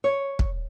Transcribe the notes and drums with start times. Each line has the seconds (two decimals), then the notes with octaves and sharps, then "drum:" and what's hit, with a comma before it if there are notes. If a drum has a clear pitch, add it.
0.04 C#5
0.39 drum: kick